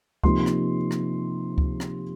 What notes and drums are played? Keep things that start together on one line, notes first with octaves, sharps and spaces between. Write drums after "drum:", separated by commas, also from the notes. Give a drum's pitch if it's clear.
C3 F3 A#3 D#4 C6, drum: kick C#2
drum: rim click
drum: rim click
drum: kick C#2
drum: rim click